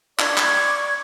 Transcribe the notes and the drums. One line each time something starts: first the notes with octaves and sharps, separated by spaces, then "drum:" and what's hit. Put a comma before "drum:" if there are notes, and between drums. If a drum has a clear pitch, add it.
D5 C#6 D6 G#6, drum: clap
drum: clap